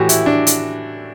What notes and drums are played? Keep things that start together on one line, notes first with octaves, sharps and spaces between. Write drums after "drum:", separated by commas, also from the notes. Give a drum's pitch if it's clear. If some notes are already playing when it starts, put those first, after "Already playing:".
Already playing: A2 E3 F#4 G4
E4, drum: hi-hat
D4
drum: hi-hat